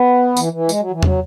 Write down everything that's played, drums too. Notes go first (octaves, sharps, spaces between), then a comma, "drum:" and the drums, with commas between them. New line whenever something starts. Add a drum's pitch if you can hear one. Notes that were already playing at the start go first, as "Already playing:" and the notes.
Already playing: B3
E3, drum: tambourine
E3
G#3, drum: tambourine
F#3
E3
F#3, drum: tom E2